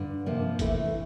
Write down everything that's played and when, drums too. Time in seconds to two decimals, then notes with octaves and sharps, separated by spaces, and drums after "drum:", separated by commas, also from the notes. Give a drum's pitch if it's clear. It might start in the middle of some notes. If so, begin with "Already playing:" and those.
Already playing: G2 D3
0.26 C3 F3 A#3
0.59 C3 E3 A3 E4, drum: kick G1, hi-hat